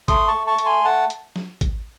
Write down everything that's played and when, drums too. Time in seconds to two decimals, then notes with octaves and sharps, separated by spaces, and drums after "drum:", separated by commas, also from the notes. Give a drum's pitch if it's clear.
0.08 A3 C6 D#6, drum: kick, hi-hat
0.28 A5 C#6
0.34 A3
0.47 A5 C#6
0.59 A3, drum: hi-hat
0.66 G#5 C6
0.84 A3 F#5 A5
1.10 drum: hi-hat
1.36 drum: snare
1.61 drum: kick, hi-hat